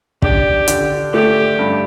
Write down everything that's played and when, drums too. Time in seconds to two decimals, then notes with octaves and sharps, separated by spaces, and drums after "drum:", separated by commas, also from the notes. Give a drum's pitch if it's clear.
0.22 D4 G4, drum: kick
0.68 D3, drum: hi-hat
1.14 A3 G4
1.59 G2